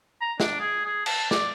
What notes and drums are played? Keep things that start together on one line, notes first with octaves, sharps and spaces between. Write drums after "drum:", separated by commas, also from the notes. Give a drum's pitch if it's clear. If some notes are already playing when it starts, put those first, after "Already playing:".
A#5
D4, drum: snare
G#4
G#4
A5, drum: cymbal
D5, drum: snare